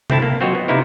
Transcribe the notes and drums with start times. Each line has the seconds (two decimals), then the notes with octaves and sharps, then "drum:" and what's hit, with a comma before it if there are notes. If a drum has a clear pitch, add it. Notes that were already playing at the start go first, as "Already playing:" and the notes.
0.10 A3 C4 E4 A5, drum: tom C3
0.22 A#3
0.40 F#3 C4 F4 F#4 C#5 D#5
0.55 B3
0.68 C3 A#3 D#4 E4 A#4